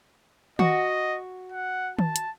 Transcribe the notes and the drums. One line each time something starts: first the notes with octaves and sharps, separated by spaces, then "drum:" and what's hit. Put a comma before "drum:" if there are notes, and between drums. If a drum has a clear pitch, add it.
F#4 D#5, drum: tom D#3
F#5
A5, drum: tom D#3
drum: hi-hat